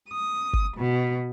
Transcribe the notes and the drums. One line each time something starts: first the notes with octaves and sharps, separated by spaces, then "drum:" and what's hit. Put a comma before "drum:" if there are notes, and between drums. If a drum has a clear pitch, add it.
D#6
drum: kick G1
B2